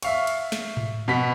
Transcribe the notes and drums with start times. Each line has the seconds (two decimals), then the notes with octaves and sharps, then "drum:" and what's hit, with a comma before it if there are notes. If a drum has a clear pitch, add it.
0.03 E5 F5 C#6, drum: cymbal
0.27 drum: cymbal
0.52 drum: snare
0.77 drum: tom G#2
1.08 B2 F#5 B5 B6